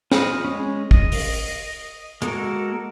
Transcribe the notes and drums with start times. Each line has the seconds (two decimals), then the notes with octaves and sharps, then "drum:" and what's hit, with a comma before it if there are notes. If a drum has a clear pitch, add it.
0.12 F4 D#5 B5, drum: snare
0.45 G#3 C#4
0.91 D#5, drum: kick
1.12 drum: open hi-hat
2.22 G#3 A#3 F#4 A4 A#4, drum: hi-hat